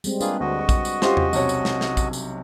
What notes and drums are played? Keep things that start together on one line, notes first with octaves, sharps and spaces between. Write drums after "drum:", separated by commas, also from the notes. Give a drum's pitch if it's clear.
G3 G#3 C4, drum: tambourine
A#3 D4 F4 G#4 B4, drum: tambourine
D2 F#4 D#5
C#6
drum: kick A#1, tambourine
drum: tambourine
C#4 F4 G4 C5, drum: snare
drum: tom E2
B1 C3 F#3 C#5, drum: tambourine
drum: tambourine
drum: snare
drum: snare
drum: kick A#1, tambourine
drum: tambourine